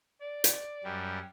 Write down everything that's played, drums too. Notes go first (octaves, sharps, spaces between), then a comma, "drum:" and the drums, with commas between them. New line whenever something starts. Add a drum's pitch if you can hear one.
D5
drum: hi-hat
F#2 G3